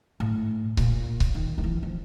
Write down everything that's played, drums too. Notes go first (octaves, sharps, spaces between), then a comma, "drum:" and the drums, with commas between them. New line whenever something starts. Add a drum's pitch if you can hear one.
A2
A#2, drum: kick C#1
drum: kick C#1
D#3
D#3
E3
F3